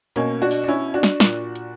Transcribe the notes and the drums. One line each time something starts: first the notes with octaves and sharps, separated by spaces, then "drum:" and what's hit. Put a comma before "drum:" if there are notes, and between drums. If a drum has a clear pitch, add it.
B2 A#3 C#4, drum: hi-hat
D4 F#4
drum: open hi-hat
D4
C#4 E4
D4 F#4
drum: snare
A#2, drum: snare
drum: hi-hat